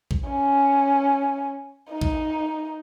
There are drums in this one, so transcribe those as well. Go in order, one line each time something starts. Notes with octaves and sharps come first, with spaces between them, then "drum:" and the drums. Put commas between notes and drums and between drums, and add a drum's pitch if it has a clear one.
drum: kick
C#4
D#4
drum: kick